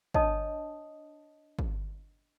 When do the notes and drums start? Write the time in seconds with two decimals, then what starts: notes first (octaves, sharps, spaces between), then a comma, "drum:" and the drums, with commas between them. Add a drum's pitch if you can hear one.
0.14 D4 C#5 D#5 A5 D#6, drum: kick
1.59 drum: kick